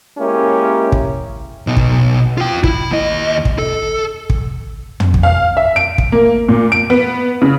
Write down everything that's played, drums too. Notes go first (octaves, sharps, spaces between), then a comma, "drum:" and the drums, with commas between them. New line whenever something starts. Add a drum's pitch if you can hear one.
G#3 A#3 C#4 E4 G4 A#4
drum: kick
B2 D#4
drum: kick
F4 G5
E4, drum: kick
D#2 D#5
drum: kick
A4
drum: kick
drum: tom
drum: kick
F5
E5
D7
drum: kick
A#3
A#2
D7
B3
C#3